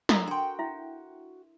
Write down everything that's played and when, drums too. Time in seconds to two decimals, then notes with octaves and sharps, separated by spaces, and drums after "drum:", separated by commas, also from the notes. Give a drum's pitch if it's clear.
0.09 A4 A#4 A#5, drum: snare
0.27 D4 F#4 G5 C6
0.59 E4 E5